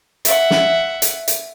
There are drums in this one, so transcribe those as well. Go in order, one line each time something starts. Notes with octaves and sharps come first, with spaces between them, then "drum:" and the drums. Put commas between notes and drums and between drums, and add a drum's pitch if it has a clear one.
E5 F#5, drum: hi-hat
drum: snare
drum: hi-hat
drum: hi-hat